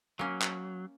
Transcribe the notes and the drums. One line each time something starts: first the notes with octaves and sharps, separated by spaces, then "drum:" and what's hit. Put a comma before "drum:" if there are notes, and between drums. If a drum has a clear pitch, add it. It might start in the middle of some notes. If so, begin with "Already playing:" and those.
F#3 A#3 C#4
drum: clap